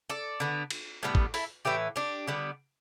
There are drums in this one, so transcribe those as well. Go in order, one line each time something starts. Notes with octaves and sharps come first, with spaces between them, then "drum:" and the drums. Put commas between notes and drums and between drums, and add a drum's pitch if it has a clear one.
A4 D5
D3 B3
drum: cymbal
A2 G3 B3
drum: kick
E4 A4, drum: open hi-hat
A2 E3 B3 D4 G4
D4 G4
D3 G3 B3